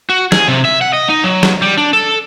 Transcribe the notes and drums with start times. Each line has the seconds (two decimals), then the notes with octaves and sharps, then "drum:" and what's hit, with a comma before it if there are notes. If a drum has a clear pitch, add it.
0.10 F#4
0.32 G#4, drum: snare
0.48 C3
0.65 E5
0.81 F#5
0.93 D#5
1.09 D#4
1.24 F#3
1.43 drum: snare
1.62 G3
1.78 D4
1.93 A4